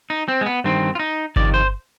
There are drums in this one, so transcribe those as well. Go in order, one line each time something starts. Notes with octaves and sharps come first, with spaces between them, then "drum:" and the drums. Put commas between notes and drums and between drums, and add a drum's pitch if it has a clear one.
D#4
C4
G#3
B3
G2 D#3 C4
F4
D#4
F2 C3 D#3 D5, drum: kick G1
C5